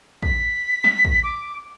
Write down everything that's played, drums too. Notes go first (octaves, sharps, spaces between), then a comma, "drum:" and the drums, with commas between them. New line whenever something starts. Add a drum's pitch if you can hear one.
B6, drum: kick
drum: snare
drum: kick
D6